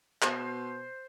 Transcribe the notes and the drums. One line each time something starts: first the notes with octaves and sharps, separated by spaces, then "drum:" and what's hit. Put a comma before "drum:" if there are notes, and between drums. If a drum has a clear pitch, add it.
B2 C5, drum: clap